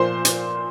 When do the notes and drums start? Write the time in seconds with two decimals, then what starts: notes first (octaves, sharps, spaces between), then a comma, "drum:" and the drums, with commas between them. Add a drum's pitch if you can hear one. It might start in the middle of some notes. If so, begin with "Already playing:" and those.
Already playing: A#2 F3 C5 C6
0.25 drum: hi-hat